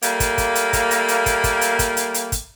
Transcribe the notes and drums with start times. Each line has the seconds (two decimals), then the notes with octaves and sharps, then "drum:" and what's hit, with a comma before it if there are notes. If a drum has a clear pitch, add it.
0.02 G3 A3 A#3, drum: hi-hat
0.20 drum: kick, hi-hat
0.38 drum: kick, hi-hat
0.55 drum: hi-hat
0.73 drum: kick, hi-hat
0.91 drum: hi-hat
1.08 drum: hi-hat
1.26 drum: kick, hi-hat
1.44 drum: kick, hi-hat
1.61 drum: hi-hat
1.79 drum: kick, hi-hat
1.97 drum: hi-hat
2.14 drum: hi-hat
2.32 drum: kick, hi-hat